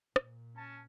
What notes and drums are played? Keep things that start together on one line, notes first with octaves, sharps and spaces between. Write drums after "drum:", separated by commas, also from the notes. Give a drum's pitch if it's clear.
A#2, drum: rim click
C#4 A5